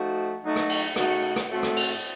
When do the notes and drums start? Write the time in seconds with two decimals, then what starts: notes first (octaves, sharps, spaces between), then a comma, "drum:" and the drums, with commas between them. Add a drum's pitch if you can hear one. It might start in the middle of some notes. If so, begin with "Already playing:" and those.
Already playing: F3 A3 D#4 F#4
0.43 F#3 A3 D#4 F#4
0.56 drum: rim click
0.69 drum: cymbal
0.96 C#3 A3 D#4 F#4, drum: rim click
1.36 drum: rim click
1.50 A2 A3 C4 F#4
1.63 drum: rim click
1.76 drum: cymbal